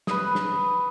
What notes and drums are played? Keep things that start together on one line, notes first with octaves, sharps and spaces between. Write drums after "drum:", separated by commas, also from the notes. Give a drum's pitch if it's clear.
B4 D#6, drum: snare
drum: snare